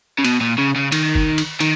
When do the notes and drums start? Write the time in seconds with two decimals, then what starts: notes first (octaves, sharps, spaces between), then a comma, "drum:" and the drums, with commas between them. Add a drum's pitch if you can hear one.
0.19 C#3
0.25 B2, drum: cymbal
0.41 A#2
0.58 C#3
0.76 C#3
0.92 D#3, drum: cymbal
1.15 drum: kick
1.38 drum: cymbal
1.60 D#3, drum: cymbal